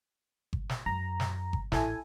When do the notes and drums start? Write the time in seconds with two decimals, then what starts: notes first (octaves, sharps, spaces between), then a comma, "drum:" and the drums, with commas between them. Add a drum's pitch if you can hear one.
0.53 drum: kick G1
0.69 drum: snare
0.86 F#2 A#5
1.20 drum: snare
1.53 drum: kick G1
1.72 A1 E4 A4 G#5, drum: snare